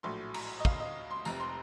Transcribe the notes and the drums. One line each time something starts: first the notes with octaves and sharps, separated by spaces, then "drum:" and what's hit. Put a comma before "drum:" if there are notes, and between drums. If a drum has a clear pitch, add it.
A#1 A2 F#3 A3 C6
A#5, drum: cymbal
D#5
F5, drum: kick
D#5
C6
F1 F2 C3 A#5, drum: tambourine
C6